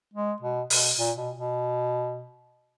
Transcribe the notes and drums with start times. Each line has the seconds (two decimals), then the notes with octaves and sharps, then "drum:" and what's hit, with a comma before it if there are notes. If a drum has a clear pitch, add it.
0.14 G#3
0.42 B2
0.70 B2, drum: open hi-hat
0.98 A#2
1.17 B2
1.36 B2